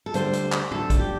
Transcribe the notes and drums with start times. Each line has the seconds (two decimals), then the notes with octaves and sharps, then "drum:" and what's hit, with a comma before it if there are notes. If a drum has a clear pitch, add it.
0.06 A4
0.14 D2 D3 G3 C5, drum: hi-hat
0.33 drum: hi-hat
0.52 drum: clap
0.71 D2 D3 G3 A4, drum: tom
0.90 drum: kick, hi-hat
0.99 G4